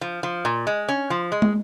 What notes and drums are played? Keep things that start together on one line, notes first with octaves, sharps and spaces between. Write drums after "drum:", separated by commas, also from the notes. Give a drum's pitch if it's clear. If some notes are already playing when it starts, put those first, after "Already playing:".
F3
F3
A#2
G#3
C#4
F3
G#3
drum: tom